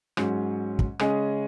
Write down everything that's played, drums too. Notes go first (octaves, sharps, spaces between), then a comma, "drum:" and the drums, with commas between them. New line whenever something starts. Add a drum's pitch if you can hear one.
G#2 F#3 C#4, drum: rim click
drum: kick
C#3 G#3 C#4 G#4 D#5, drum: rim click